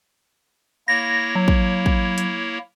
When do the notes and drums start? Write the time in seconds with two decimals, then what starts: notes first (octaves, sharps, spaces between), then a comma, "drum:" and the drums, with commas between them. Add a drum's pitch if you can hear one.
0.88 A#3 E4 C#5 A#6
1.35 F#3
1.48 drum: kick
1.86 drum: kick
2.18 drum: hi-hat